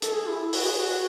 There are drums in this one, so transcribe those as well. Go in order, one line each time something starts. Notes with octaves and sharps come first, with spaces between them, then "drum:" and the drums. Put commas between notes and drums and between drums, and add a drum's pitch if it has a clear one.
A4, drum: hi-hat
G#4
E4
F#4, drum: open hi-hat
G#4
F#4
F#4